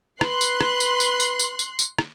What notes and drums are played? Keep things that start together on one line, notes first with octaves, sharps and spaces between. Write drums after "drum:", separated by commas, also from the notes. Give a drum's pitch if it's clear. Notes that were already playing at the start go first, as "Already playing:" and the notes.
B4 C6 F#6 C7, drum: rim click
drum: tambourine
drum: rim click
drum: tambourine
drum: tambourine
drum: tambourine
drum: tambourine
drum: tambourine
drum: tambourine
drum: rim click